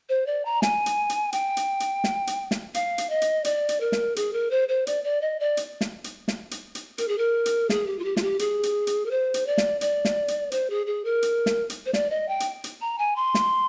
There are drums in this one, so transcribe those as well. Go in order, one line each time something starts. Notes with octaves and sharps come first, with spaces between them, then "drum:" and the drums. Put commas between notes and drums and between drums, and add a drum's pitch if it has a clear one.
C5
D5
A#5
G#5, drum: snare
drum: hi-hat
drum: hi-hat
G5, drum: hi-hat
drum: hi-hat
drum: hi-hat
drum: snare
drum: hi-hat
drum: snare
F5, drum: hi-hat
drum: hi-hat
D#5
drum: hi-hat
D5, drum: hi-hat
drum: hi-hat
A#4
drum: snare
G#4, drum: hi-hat
A#4
C5
C5
D5, drum: hi-hat
D5
D#5
D5
drum: hi-hat
drum: snare
drum: hi-hat
drum: snare
drum: hi-hat
drum: hi-hat
A#4, drum: hi-hat
G#4
A#4
drum: hi-hat
G#4, drum: snare
G4
F4
G4
F4, drum: snare
G4
G#4, drum: hi-hat
drum: hi-hat
drum: hi-hat
A#4
C5
drum: hi-hat
D5
drum: snare
D5, drum: hi-hat
drum: snare
drum: hi-hat
C5, drum: hi-hat
G#4
G#4
A#4
drum: hi-hat
drum: snare
drum: hi-hat
C5
D5, drum: snare
D#5
G5
drum: hi-hat
drum: hi-hat
A#5
G#5
C6
drum: snare